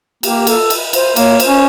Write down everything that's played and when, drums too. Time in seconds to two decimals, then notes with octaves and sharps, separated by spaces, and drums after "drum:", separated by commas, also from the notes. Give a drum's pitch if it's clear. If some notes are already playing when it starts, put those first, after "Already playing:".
0.23 A#3 G4, drum: cymbal
0.47 A4, drum: cymbal
0.70 drum: cymbal
0.93 C5, drum: cymbal
1.16 A#3 C#5, drum: cymbal
1.40 C5, drum: cymbal
1.47 C#4